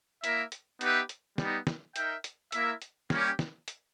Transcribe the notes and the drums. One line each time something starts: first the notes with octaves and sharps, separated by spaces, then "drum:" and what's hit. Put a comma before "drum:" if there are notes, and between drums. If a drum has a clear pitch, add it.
A#3 E4 A#4 E5, drum: hi-hat
drum: hi-hat
B3 D#4 G4 B4 E5, drum: hi-hat
drum: hi-hat
G3 B3 D#4, drum: snare
drum: snare
D#4 A#4 E5 G5, drum: hi-hat
drum: hi-hat
A#3 E4 A#4 E5, drum: hi-hat
drum: hi-hat
G3 A#3 C#4 G4, drum: snare
drum: snare
drum: hi-hat